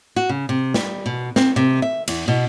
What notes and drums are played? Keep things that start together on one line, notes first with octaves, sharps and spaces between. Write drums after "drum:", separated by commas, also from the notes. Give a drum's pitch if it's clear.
F#4
C#3
C3
G3, drum: snare
B2
C4, drum: snare
C3
E5
E2, drum: cymbal
B2